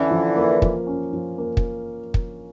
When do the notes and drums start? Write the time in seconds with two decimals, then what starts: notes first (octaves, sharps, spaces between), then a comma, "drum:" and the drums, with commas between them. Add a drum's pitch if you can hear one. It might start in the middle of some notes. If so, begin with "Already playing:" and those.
Already playing: D3 E3 C#4
0.11 F3
0.36 A#3
0.62 F3, drum: kick
0.87 C#4
1.13 F3
1.38 A#3
1.57 drum: kick
2.14 drum: kick